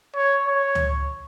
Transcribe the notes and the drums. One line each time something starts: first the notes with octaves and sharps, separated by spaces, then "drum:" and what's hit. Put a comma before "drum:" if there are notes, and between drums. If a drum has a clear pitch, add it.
C#5
C#5
drum: tom C#2